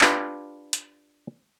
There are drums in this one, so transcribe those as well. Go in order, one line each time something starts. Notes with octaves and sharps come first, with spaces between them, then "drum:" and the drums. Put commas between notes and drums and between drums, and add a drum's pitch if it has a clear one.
D4 F4 G4 B4 D5, drum: clap
drum: hi-hat